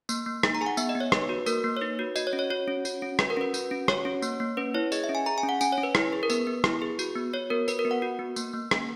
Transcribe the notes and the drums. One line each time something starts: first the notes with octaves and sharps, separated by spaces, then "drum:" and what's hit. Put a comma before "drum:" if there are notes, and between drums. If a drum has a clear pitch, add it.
A#3, drum: tambourine
A#3
D#4, drum: rim click
A#5
G#4 G#5
F#5
B3 E5, drum: tambourine
D#5
B3
C#5
D#4 B4, drum: rim click
F#4
A#3 A#4, drum: tambourine
A#3
C#5
D#4 B4
F#4
F#4 D#5, drum: tambourine
C#5
C#4
C#5
F#4 C#5
C#4
F#4, drum: tambourine
C#4
F#4 B4, drum: rim click
A#4
C#4 B4
F#4, drum: tambourine
C#4
F#4 C#5, drum: rim click
C#4
A#3, drum: tambourine
A#3
C#4 B4
E4 C#5
G#4 D#5, drum: tambourine
E5
C#4
G#5
G#4 A#5
G#5
C#4
F#5
C#4 G#5, drum: tambourine
C#5
C#4
B4
E4, drum: rim click
G#4
A#4
B3 B4, drum: tambourine
B3
E4, drum: rim click
G#4
F#4, drum: tambourine
B3
F#4 C#5
B3 A#4
F#4 B4, drum: tambourine
A#4
B3
F#5
F#4
B3
A#3, drum: tambourine
A#3
C#4, drum: rim click